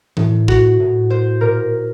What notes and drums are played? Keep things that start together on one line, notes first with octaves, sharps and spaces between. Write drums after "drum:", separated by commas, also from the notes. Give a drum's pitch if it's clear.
A2, drum: tom E3
F#4, drum: kick
A2
C5
A#2 A#4